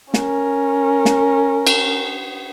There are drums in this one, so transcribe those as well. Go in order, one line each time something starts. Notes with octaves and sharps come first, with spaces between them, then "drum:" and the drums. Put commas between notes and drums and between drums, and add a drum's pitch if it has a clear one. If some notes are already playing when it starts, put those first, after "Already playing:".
C#4 A#4, drum: snare
drum: snare
drum: cymbal